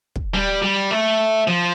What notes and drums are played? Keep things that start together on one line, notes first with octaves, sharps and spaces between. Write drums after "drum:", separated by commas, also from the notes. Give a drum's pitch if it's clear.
drum: kick
G3
G3
A3
F3